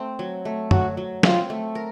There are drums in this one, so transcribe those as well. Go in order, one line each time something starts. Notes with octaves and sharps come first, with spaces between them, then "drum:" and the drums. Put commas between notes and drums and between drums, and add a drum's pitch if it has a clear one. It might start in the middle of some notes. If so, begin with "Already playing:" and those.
Already playing: A3 C4
F#3
A3
F#3 F#4, drum: tom F#2
F#3
C4 F4, drum: snare
A3
A#4